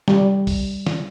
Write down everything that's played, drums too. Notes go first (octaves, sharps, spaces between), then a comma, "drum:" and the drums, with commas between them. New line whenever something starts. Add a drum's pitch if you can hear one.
G3, drum: snare
drum: kick, open hi-hat
drum: snare